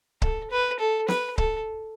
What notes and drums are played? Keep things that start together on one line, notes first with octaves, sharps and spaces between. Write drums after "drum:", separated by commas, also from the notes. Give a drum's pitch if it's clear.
A4, drum: kick C#1
B4
A4
B4, drum: snare
A4, drum: kick C#1